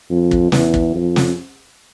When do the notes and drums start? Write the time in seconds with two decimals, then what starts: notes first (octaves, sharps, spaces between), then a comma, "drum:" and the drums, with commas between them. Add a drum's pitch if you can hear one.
0.10 F2
0.31 drum: kick
0.52 E2, drum: snare
0.74 drum: kick
0.95 F2
1.16 drum: snare